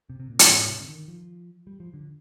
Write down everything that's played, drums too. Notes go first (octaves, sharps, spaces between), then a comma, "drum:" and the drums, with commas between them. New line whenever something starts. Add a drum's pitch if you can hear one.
C3
C3
A#2
G2, drum: hi-hat
G#2
G#2
C3
D3
D#3
F3
G3
F3
D3